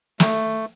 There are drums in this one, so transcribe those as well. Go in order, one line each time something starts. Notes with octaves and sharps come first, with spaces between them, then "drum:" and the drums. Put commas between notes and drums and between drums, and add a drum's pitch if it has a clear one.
A3, drum: snare